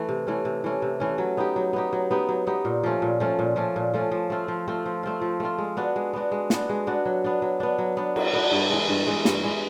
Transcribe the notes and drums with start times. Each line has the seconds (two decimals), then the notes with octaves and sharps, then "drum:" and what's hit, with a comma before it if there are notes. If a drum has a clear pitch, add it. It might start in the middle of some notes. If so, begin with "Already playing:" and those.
Already playing: E3 A3
0.09 C3
0.27 E3 A3 C#4
0.45 C3
0.64 E3 A3 C#4
0.82 C3
1.00 E3 A3 C#4
1.18 F#3
1.37 B3 D#4 G4
1.56 F#3
1.73 B3 D#4 G4
1.93 F#3
2.11 B3 D#4 G4
2.29 F#3
2.47 B3 D#4 G4
2.65 A#2
2.83 F3 A3 C#4
3.02 A#2
3.20 F3 A3 C#4
3.39 A#2
3.56 F3 A3 C#4
3.76 A#2
3.94 F3 A3 C#4
4.11 F3
4.30 A3 C4 F4
4.48 F3
4.68 A3 C4 F4
4.86 F3
5.03 A3 C4 F4
5.22 F3
5.40 A3 C4 F4
5.58 G#3
5.77 B3 D4 F#4
5.96 G#3
6.13 B3 D4 F#4
6.32 G#3
6.50 B3 D4 F#4, drum: snare
6.69 G#3
6.87 B3 D4 F#4
7.05 F#3
7.24 B3 D4
7.42 F#3
7.60 B3 D4
7.78 F#3
7.97 B3 D4
8.16 F#3, drum: cymbal
8.33 B3 D4
8.52 G2
8.70 E3 G#3
8.88 G2
9.07 E3 G#3
9.25 G2, drum: snare
9.43 E3 G#3